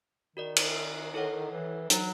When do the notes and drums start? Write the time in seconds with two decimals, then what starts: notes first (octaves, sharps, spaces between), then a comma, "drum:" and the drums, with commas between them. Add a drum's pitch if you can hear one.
0.36 D#3 F#4 A#4 D5
0.56 D#3, drum: cymbal
1.14 E4 A4 C#5 F#5
1.51 E3
1.90 F#3 D#4 F#4 B4, drum: hi-hat